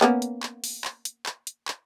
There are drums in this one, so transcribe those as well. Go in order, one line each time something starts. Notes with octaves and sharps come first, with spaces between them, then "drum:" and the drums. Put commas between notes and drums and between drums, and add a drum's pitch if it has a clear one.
A#3 B3 C#4, drum: clap
drum: hi-hat
drum: clap
drum: open hi-hat
drum: clap
drum: hi-hat
drum: clap
drum: hi-hat
drum: clap